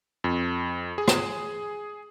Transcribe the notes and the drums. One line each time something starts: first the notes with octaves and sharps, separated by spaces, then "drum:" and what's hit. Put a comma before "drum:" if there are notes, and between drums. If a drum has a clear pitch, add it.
F2
G#4
drum: rim click